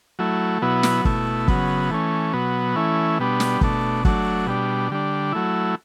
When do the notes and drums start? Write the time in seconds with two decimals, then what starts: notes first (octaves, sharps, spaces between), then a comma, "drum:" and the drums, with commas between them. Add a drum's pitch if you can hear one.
0.19 F#3 A3 E4
0.62 B2 F#3 B3 E4
0.83 drum: snare
1.05 B2 A3 E4, drum: kick F#1
1.48 C#3 F#3 B3, drum: kick F#1
1.90 E3 A3 C#4
2.33 B2 F#3 B3
2.76 E3 A3 C#4 E4
3.19 B2 G3 B3 D4
3.40 drum: snare
3.61 B2 A3 D4, drum: kick F#1
4.05 F#3 A3 D4, drum: kick F#1
4.47 B2 G3 D4
4.90 D3 G3 D4
5.33 F#3 A3 E4